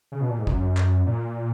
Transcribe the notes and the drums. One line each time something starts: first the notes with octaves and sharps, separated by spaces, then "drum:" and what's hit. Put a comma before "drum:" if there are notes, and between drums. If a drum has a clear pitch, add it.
C#3
B2
A#2
G#2
F#2, drum: kick
drum: clap
A#2